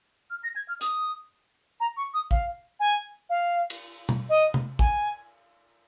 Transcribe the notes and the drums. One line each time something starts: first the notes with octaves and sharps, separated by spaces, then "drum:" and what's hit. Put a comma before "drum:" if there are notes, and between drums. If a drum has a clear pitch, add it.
F6
A#6
G#6
F6
D#6, drum: hi-hat
A#5
C#6
D#6
F5, drum: kick
G#5
F5
drum: cymbal
drum: tom
D#5
drum: tom C3
G#5, drum: kick